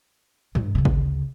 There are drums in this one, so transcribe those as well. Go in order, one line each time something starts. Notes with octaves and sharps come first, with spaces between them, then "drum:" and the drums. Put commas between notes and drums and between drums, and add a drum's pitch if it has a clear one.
G#2 D#3, drum: tom
D2 C#3
drum: kick G#1